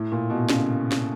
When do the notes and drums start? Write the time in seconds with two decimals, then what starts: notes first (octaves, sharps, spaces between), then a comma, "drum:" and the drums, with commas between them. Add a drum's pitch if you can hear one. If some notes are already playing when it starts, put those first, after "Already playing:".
Already playing: A2
0.12 A#2
0.30 B2
0.49 C#3, drum: snare
0.92 drum: snare